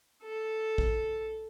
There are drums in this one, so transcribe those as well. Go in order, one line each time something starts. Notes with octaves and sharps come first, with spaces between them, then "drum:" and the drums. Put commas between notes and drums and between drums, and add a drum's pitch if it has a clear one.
A4
drum: kick